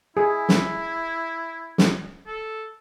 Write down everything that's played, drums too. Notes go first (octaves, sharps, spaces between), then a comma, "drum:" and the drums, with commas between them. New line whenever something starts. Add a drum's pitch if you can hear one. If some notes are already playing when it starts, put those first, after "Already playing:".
E4 G#4
drum: snare
drum: snare
A4